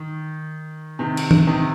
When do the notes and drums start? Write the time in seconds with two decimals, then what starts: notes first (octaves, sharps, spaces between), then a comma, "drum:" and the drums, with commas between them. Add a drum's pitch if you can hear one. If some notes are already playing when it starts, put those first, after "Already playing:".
Already playing: D#3
0.99 C3 D#3
1.17 drum: cymbal
1.31 drum: tom
1.47 C3 D#3